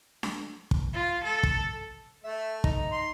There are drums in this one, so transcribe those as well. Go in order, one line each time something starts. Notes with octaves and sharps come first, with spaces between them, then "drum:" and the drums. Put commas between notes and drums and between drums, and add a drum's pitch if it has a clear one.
drum: snare D4
drum: kick
F4
A4
drum: kick
A3 E5
D#4, drum: kick
C6